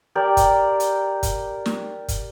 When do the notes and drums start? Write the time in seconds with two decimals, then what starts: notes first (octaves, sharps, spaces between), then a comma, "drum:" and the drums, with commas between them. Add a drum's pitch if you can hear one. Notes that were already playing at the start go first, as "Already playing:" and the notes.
0.15 G4 A#4 D5
0.37 drum: kick, hi-hat
0.80 drum: hi-hat
1.23 drum: kick, hi-hat
1.66 drum: snare
2.08 drum: kick, hi-hat